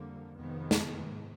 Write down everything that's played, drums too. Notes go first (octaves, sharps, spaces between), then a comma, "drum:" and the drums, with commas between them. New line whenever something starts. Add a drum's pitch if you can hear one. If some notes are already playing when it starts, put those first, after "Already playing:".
Already playing: F2 D3 G3 A#3
F2 C3 D#3 G#3 B3
drum: snare
G#2